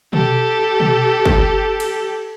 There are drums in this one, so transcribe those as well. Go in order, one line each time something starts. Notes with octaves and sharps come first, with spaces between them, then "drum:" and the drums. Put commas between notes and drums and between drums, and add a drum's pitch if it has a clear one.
G4 A4, drum: tom B2
drum: tom B2
drum: kick
drum: cymbal